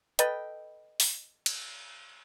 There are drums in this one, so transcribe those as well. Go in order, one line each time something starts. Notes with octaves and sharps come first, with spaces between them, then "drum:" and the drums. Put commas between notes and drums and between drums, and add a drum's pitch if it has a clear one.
A4 B4 D#5 G5, drum: hi-hat
drum: open hi-hat
drum: cymbal